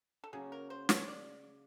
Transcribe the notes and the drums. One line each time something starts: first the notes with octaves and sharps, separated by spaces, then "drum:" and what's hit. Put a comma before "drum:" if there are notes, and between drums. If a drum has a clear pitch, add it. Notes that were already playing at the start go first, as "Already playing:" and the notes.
A4
C#3 F#3 A#3 C#4 G#4
A#4
C5
C#5, drum: snare
D5